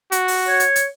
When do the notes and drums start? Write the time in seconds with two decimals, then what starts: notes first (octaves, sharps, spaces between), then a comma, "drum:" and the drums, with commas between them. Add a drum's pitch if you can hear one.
0.12 F#4, drum: hi-hat
0.28 drum: open hi-hat
0.48 C#5
0.60 drum: hi-hat
0.76 drum: hi-hat